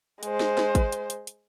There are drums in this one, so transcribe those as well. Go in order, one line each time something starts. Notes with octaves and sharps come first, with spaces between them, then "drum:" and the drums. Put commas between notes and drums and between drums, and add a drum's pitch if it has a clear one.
G#3 C5, drum: hi-hat
drum: snare
drum: snare
drum: kick, hi-hat
drum: hi-hat
drum: hi-hat
drum: hi-hat